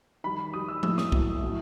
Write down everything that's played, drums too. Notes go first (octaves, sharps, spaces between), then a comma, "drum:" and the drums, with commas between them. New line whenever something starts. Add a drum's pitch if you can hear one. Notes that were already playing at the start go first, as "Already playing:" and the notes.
D#3 G3 B5
D#3 G3 D#6
E6
A2 F#3 A3 E6, drum: tom F3
D#6, drum: snare
A2 F#3 A3, drum: kick B1
A2 F#3 A3